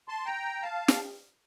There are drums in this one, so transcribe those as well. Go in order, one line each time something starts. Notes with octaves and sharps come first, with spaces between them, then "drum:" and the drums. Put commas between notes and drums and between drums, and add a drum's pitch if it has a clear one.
A5 C6
G5 A#5
F5 A5
drum: snare